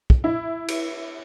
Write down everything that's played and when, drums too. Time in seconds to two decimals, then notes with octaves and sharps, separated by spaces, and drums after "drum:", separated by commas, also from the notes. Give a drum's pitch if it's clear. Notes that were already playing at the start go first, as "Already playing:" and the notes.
0.10 drum: kick
0.24 E4
0.68 drum: cymbal